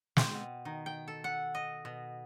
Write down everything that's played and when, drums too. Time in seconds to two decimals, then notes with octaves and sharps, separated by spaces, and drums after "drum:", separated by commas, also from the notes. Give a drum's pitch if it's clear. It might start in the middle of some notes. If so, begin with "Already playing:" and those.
0.17 C4, drum: snare
0.33 B2
0.65 D#3
0.86 G5
1.08 A4
1.24 F#5
1.55 D#5
1.85 B2